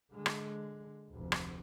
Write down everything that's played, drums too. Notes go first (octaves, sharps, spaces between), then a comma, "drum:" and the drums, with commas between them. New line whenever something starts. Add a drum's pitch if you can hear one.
D3 G#3
drum: rim click
F1 D2
drum: rim click